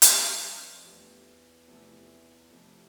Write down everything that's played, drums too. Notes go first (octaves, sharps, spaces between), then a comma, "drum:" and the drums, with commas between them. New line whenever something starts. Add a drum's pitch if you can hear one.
A2 F3 A3 D4 G4, drum: hi-hat
G2
F2
E2 F3 A3 D4 G4
E2 C3 F3 A3 E4
F2 C3 F3 A3 E4